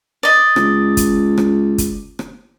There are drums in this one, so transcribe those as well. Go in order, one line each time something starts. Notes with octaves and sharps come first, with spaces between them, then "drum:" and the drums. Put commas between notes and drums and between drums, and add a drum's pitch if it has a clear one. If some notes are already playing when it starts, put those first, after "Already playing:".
D5 D#5
C#2, drum: rim click
drum: kick, hi-hat
drum: rim click
drum: kick, hi-hat
drum: rim click